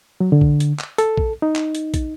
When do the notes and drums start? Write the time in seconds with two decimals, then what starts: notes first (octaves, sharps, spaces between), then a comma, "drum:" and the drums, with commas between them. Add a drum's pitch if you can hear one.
0.20 F#3
0.32 D3
0.41 drum: kick A#1
0.60 drum: hi-hat
0.79 drum: clap
0.98 A4, drum: hi-hat
1.17 drum: kick A#1
1.42 D#4
1.56 drum: clap
1.75 drum: hi-hat
1.94 drum: kick A#1, hi-hat